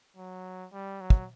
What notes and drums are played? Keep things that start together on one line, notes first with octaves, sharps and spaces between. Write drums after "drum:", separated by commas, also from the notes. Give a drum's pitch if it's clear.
F#3
G3
F#3
drum: kick